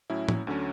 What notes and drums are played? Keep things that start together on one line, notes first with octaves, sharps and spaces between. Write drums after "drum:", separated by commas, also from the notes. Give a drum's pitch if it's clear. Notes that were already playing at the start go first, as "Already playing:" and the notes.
A2 F#3 C#4 E4
drum: tom
D2 D3 F#3 C#4